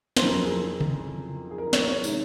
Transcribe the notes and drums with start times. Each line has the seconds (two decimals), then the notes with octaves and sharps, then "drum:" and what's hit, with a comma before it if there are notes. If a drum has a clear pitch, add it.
0.17 C5, drum: snare
0.22 F2 C#3 F#3 A#3 A#4
0.45 G#4
0.81 drum: tom
1.51 G#4
1.58 A#4
1.73 C#5, drum: snare
1.88 C#5
2.04 C3 D#3 G#3, drum: tambourine